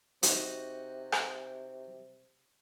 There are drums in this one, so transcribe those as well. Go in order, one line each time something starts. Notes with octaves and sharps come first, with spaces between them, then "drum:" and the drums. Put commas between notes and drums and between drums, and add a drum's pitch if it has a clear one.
C3 D#4 F#4, drum: hi-hat
drum: rim click